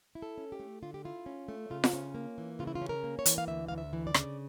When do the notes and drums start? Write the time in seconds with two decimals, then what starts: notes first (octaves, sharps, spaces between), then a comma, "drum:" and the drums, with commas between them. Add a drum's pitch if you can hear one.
0.15 E4
0.22 A4
0.38 C#4
0.52 G4
0.60 A3
0.83 D3 F4
0.94 G4
1.05 E4 F4
1.26 C#4
1.48 A3
1.70 C#3 F4
1.84 drum: snare F4
1.93 C#4
2.14 A#3
2.38 E3
2.59 C#3 F4
2.67 E4
2.75 F4
2.82 C#4
2.89 A#4
3.04 A#3
3.19 C#5
3.26 E3, drum: hi-hat
3.38 F5
3.47 D2 E5
3.68 D2 F5
3.78 E5
3.93 E3
4.07 D5
4.14 C#3, drum: rim click